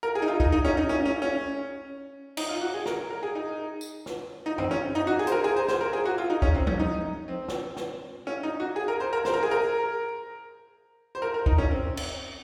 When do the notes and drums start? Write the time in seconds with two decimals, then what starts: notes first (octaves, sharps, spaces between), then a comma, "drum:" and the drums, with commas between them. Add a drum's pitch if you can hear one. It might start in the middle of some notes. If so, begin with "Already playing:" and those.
0.03 A#4
0.15 G#4
0.22 D#4
0.28 F4
0.40 D#4, drum: kick
0.52 D#4
0.65 C#4
0.77 D#4
0.89 C#4
1.05 C#4
1.22 C#4
2.37 D#4, drum: cymbal
2.49 F4
2.61 F#4
2.74 G#4
2.86 A#4, drum: snare
3.11 A#4
3.23 G#4
3.35 D#4
3.81 drum: tambourine
4.06 drum: snare
4.46 D#4
4.58 C4, drum: tom F#2
4.71 C#4
4.95 D#4
5.07 F#4
5.19 G#4
5.27 C5, drum: hi-hat
5.32 A#4
5.44 G#4
5.56 C5
5.68 C5, drum: snare
5.81 A#4
5.93 G#4
6.05 F#4
6.18 F4
6.30 D#4
6.42 C#4, drum: kick
6.55 C4
6.67 C#4, drum: tom F3
6.79 D#4
7.28 C4
7.49 drum: snare
7.77 drum: snare
8.27 C#4
8.43 D#4
8.60 F#4
8.76 G#4
8.88 A#4
9.00 C5
9.13 A#4
9.25 C5, drum: snare
9.34 A#4
9.43 G#4
9.51 A#4
11.15 C5
11.22 A#4
11.34 A#4
11.46 D#4, drum: kick
11.58 C#4
11.71 C4
11.97 drum: cymbal